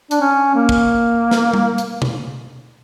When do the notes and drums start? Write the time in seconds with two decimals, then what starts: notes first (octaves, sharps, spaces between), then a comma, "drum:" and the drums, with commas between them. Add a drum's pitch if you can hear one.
0.11 D4, drum: hi-hat
0.21 C#4
0.55 A#3
0.69 drum: kick
1.31 drum: snare
1.53 drum: tom G3
1.78 drum: hi-hat
2.02 drum: tom B2